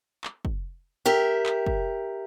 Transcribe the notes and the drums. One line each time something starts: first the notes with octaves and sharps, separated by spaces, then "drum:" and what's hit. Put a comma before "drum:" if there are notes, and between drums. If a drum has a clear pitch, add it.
drum: clap
drum: kick
G4 A#4 E5
drum: clap
drum: kick